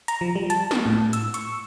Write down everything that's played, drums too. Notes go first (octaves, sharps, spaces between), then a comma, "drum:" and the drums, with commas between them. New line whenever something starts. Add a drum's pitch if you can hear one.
A#5, drum: hi-hat
F3
G3
A5, drum: hi-hat
drum: snare
A2
E6, drum: hi-hat
C#6, drum: hi-hat